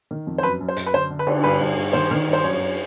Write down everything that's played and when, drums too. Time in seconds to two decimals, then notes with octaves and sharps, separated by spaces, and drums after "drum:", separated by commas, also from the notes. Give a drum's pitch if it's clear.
0.11 D#3
0.27 F2
0.38 C5
0.43 F#2 B4
0.60 F#2
0.69 C5
0.77 F#2, drum: hi-hat
0.86 B4
0.93 D3 C5
1.10 D3
1.19 B4
1.27 D3, drum: cymbal
1.44 G2 B4
1.61 G2
1.77 G2
1.93 D#3 C5
2.11 D#3
2.28 G2
2.33 C5
2.44 F#2 C#5
2.60 F#2